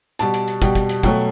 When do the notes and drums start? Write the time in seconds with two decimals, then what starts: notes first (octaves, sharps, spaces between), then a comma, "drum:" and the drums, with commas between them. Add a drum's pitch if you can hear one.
0.19 B2 G3 A5, drum: hi-hat
0.34 drum: hi-hat
0.48 drum: hi-hat
0.62 B2 G3 G5, drum: kick, hi-hat
0.75 drum: kick, hi-hat
0.89 drum: hi-hat
1.03 B2 F#3 A3 G5, drum: kick, hi-hat